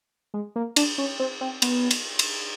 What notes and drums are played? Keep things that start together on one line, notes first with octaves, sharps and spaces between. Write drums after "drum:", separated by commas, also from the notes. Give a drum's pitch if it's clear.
G#3
A#3
D4, drum: cymbal
C#4
C4
C4
B3, drum: cymbal
drum: cymbal
drum: cymbal